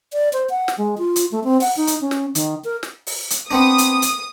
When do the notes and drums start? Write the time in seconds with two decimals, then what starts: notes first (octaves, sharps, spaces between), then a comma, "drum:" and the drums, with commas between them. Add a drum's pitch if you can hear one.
0.13 D5
0.33 C5
0.50 F#5
0.68 drum: snare
0.78 G#3
0.98 F4
1.16 drum: hi-hat
1.32 A3
1.44 C4
1.61 F#5, drum: open hi-hat
1.77 D#4
1.87 drum: hi-hat
2.01 C#4
2.11 drum: snare
2.35 D#3, drum: hi-hat
2.64 A#4
2.83 drum: snare
3.07 drum: open hi-hat
3.30 drum: hi-hat
3.51 B3 C4 D4 D#6
3.78 drum: hi-hat
4.02 drum: hi-hat